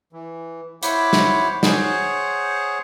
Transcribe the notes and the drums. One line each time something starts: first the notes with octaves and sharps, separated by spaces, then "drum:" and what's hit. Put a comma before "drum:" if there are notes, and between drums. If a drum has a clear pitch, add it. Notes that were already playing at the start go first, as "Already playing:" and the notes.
E3
E4 C5 C#5 F#5 B5 D6, drum: hi-hat
drum: snare
G#4 C5 C#5 F#5, drum: snare